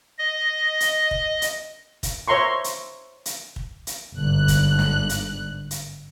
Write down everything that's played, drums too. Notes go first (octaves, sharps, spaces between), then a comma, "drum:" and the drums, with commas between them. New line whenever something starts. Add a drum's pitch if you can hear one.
D#5
drum: hi-hat
drum: kick
drum: hi-hat
drum: kick, hi-hat
C5 C#5 E5 A#5 C6 C#6
drum: hi-hat
drum: hi-hat
drum: kick
drum: hi-hat
G1 G#2 D3 F#6
drum: kick, hi-hat
drum: snare
drum: hi-hat
drum: hi-hat